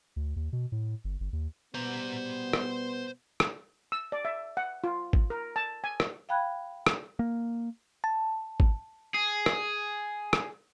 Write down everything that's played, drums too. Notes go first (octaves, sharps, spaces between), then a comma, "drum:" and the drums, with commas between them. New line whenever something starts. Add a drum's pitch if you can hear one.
D2
D#2
B2
A2
G1
G1
D#2
B2 G3 B3 C5 A#5
drum: rim click
drum: rim click
E6
D5
E5
F#5
F4
drum: kick G#1
A#4
A5
G#5
drum: rim click
F5 G5 B5 F#6 G#6
drum: rim click
A#3
A5
drum: kick G#1
G#4
drum: rim click
drum: rim click